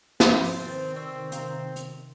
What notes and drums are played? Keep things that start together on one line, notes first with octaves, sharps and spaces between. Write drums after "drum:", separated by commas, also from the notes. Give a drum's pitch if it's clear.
C4 C6 C7, drum: snare
drum: open hi-hat
C3 D#3 B4 C5 A6
C4 D5 C#6 E6
C4 F5 A#5, drum: hi-hat
drum: hi-hat